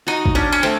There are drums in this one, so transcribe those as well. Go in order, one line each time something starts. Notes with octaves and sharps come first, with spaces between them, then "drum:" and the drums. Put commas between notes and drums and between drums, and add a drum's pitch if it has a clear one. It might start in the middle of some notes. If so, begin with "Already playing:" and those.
D#4 F#4
drum: kick
C#4 D4
C#4
A3 C4